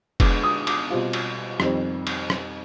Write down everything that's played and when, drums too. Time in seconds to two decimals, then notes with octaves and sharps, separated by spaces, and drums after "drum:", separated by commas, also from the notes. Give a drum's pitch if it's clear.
0.20 D3 G#3 B3 D6, drum: kick, cymbal
0.43 D#6
0.67 D6, drum: cymbal
0.90 B2 G3 C4 F4
1.13 drum: cymbal
1.60 F2 D#3 G3 C4, drum: rim click
2.07 drum: cymbal
2.30 drum: rim click